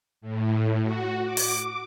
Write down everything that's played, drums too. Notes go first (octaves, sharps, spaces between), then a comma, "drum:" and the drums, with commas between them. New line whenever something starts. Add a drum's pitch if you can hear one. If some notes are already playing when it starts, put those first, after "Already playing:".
A2
F#4
D6
drum: open hi-hat